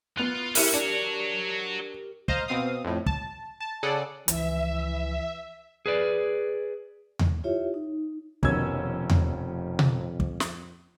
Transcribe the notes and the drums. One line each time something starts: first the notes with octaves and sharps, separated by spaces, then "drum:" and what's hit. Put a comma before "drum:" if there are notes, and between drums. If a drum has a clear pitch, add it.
B3 F4 F#6
C#4 E4 G4 A#4 F#6, drum: open hi-hat
D4 F#4 C#5
C5 D#5 F5 A#5, drum: kick
B2 C4 F5 D#6
F2 A2
A5, drum: kick
A5
C#3 G#4 A4 D5 F#5
C#2 E3 F3 E5, drum: hi-hat
G#4 B4 D5
drum: tom E2
E4 F4 G4 C#5 E5
D#4
F1 F2 B2 D#3 C#4 E6 G#6, drum: kick
drum: tom E2
drum: tom B2
drum: kick
drum: snare